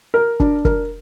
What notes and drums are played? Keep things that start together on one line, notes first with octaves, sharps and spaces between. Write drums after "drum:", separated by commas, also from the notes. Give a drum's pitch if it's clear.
A#4
D4, drum: kick
A#4, drum: kick